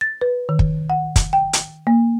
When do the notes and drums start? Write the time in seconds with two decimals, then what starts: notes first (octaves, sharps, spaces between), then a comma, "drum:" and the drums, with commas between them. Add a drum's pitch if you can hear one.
0.01 A6
0.21 B4
0.49 D#3
0.59 drum: kick
0.90 F#5
1.16 drum: kick, hi-hat
1.33 G5
1.53 drum: hi-hat
1.87 A#3